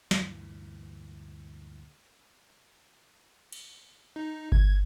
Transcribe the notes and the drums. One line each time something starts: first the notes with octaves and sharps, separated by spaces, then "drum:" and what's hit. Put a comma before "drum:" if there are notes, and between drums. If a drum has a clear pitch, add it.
D2 G2 A#2 E3, drum: snare
drum: cymbal
D#4
G#6, drum: kick G1